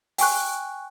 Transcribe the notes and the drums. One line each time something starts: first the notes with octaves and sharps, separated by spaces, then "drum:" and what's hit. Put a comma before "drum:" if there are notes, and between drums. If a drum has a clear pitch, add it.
G5 G#5 C#6 F#6, drum: open hi-hat